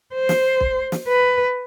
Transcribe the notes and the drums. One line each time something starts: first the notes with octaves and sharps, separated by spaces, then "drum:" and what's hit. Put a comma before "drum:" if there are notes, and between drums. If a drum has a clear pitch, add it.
C5
drum: snare
drum: kick
drum: snare
B4